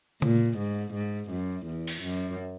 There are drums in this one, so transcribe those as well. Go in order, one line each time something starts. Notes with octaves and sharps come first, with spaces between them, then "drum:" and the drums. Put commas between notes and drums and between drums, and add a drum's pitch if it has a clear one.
A#2, drum: tom C#3
G#2
G#2
F#2
E2
drum: open hi-hat
F#2